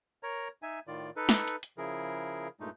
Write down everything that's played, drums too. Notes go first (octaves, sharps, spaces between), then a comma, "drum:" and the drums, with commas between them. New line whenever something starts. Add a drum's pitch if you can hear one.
A#4 C#5 A#5
D#4 E5 G#5
A2 D#3 F4 D5
D#4 A4 B4
drum: snare
drum: hi-hat
drum: hi-hat
C#3 F3 E4 G#4 A#4
G2 A#2 G#3 A3 D#4